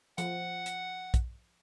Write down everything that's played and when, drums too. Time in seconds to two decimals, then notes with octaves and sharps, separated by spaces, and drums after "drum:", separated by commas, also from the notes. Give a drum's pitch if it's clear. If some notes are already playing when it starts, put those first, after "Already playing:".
0.18 F3 F#5, drum: hi-hat
0.66 drum: hi-hat
1.14 drum: kick, hi-hat